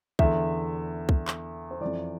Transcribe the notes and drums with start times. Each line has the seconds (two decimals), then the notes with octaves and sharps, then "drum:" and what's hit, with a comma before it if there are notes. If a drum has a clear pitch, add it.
0.19 E2 D3 E5, drum: kick
1.09 drum: kick
1.28 drum: clap
1.71 C5
1.81 F2 E3 D5